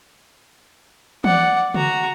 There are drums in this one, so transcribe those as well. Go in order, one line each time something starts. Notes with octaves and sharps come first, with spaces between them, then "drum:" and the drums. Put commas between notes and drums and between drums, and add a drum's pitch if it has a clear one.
D5 F#5, drum: tom E3
F#4 A#5, drum: tom C#3